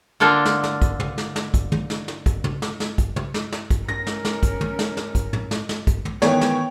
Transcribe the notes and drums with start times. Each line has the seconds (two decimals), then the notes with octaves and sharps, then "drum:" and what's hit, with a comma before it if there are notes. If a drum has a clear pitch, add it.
0.20 D3 A#3 D4 F4 A4
0.45 drum: snare
0.64 drum: snare
0.82 drum: kick, hi-hat
1.00 drum: tom
1.18 drum: snare
1.36 drum: snare
1.54 drum: kick, hi-hat
1.72 drum: tom
1.90 drum: snare
2.08 drum: snare
2.26 drum: kick, hi-hat
2.44 drum: tom
2.62 drum: snare
2.80 drum: snare
2.98 drum: kick, hi-hat
3.16 drum: tom
3.34 drum: snare
3.52 drum: snare
3.70 drum: kick, hi-hat
3.89 C#4 A#4 A#6, drum: tom
4.07 drum: snare
4.25 drum: snare
4.43 drum: kick, hi-hat
4.61 drum: tom
4.79 drum: snare
4.97 drum: snare
5.15 drum: kick, hi-hat
5.33 drum: tom
5.51 drum: snare
5.69 drum: snare
5.87 drum: kick, hi-hat
6.05 drum: tom
6.22 D#3 E3 B3 C#5 G5, drum: snare
6.41 drum: snare